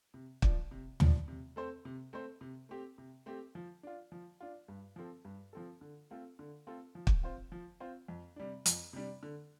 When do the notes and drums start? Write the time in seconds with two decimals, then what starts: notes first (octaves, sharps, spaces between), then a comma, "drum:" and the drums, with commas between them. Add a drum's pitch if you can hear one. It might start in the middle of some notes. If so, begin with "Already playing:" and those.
0.14 C3
0.42 F3 D4, drum: kick
0.71 C3
1.00 F3 D4, drum: tom
1.28 C3
1.56 A3 C4 A4 C5
1.85 C3
2.13 A3 C4 A4 C5
2.41 C3
2.69 A3 C4 G4
2.98 C3
3.26 A3 C4 G4
3.55 F3
3.83 D4 F4
4.12 F3
4.40 D4 F4
4.68 G2
4.96 F3 C4 A4
5.25 G2
5.53 F3 C4 A4
5.81 D3
6.11 A3 C4 F4 A4
6.39 D3
6.67 A3 C4 F4 A4
6.95 F3
7.07 drum: kick
7.23 C4 F4 C5
7.52 F3
7.80 C4 F4 C5
8.08 F2
8.36 C3 G3 D4
8.66 F2, drum: hi-hat
8.93 C3 G3 D4
9.23 D3